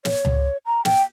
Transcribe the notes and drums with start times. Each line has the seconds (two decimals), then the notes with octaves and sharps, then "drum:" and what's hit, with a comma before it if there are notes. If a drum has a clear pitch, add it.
0.05 C#5, drum: snare
0.25 drum: tom C#2
0.66 A#5
0.85 G5, drum: snare